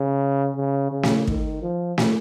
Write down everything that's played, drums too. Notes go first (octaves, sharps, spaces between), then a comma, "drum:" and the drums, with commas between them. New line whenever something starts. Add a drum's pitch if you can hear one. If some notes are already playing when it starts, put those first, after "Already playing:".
Already playing: C#3
C#3
C#3
drum: snare
D#3, drum: kick
F3
drum: snare